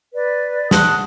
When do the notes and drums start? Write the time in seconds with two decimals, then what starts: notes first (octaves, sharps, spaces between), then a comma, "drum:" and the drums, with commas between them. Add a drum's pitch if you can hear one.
0.14 B4 D5
0.71 F#5 A5 D#6 F#6, drum: snare